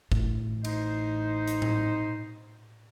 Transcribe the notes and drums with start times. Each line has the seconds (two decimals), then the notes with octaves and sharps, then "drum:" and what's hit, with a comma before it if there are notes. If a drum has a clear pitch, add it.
0.12 A1 A2, drum: kick
0.65 D#4 C5, drum: cymbal
1.48 drum: hi-hat
1.62 drum: tom A2